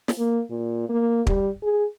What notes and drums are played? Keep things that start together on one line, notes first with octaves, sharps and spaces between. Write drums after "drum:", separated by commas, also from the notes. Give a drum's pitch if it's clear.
drum: snare
A#3
A#2
A#3
G3, drum: kick
G#4